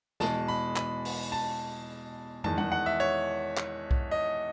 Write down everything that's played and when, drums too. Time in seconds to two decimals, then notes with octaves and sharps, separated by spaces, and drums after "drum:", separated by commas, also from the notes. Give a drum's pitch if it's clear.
0.20 E2 B2 G#3 A5, drum: snare
0.48 B5
0.76 B5, drum: clap
1.05 drum: open hi-hat
1.32 A5
2.44 E2 D#3 G#3 A5, drum: tom
2.58 F#5, drum: tom G3
2.72 F#5
2.86 E5
3.00 C#5
3.57 drum: clap
3.91 drum: kick B1
4.11 D#5